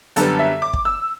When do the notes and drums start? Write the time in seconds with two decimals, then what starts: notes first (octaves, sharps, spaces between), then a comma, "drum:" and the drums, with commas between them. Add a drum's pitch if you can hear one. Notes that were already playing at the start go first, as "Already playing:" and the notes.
0.16 F#2 D3 G3 B3 A4, drum: hi-hat
0.39 E5
0.62 D6
0.73 drum: kick
0.85 E6